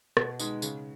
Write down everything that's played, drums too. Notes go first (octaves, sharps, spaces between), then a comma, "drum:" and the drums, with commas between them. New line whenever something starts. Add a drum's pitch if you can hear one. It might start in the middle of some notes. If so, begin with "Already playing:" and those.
B2, drum: rim click
G#3 D#4, drum: tambourine
C#3, drum: tambourine